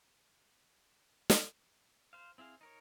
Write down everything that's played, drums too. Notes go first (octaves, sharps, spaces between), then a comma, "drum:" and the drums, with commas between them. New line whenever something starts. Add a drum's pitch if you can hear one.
drum: snare
C5 F5
C4 E4 G#4 F5
D#4 A#4 C#5